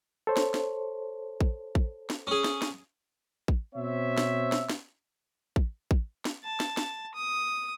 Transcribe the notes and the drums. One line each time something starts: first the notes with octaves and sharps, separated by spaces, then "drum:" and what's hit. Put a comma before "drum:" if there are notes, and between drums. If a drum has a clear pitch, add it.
A4 C5 C#5
drum: snare
drum: snare
drum: kick
drum: kick
drum: snare
C#4 G#4
drum: snare
drum: snare
drum: kick
B2 C4 C5 C#5 E5
drum: snare
drum: snare
drum: snare
drum: kick
drum: kick
drum: snare
A5
drum: snare
drum: snare
D#6